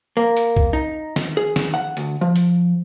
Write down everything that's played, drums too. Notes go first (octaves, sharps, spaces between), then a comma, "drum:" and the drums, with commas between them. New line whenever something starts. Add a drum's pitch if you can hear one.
A#3
drum: hi-hat
drum: kick
D#4
drum: snare
G#4
drum: snare
F#5
D2, drum: hi-hat
F3
drum: hi-hat